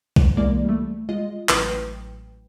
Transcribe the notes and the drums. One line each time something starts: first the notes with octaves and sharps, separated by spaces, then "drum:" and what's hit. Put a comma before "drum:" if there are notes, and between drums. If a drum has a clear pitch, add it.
drum: kick
C2 E3 G#3 A#3 D5
G3 A3
G#3 F4 D#5
A1 F#3 B4 G5, drum: clap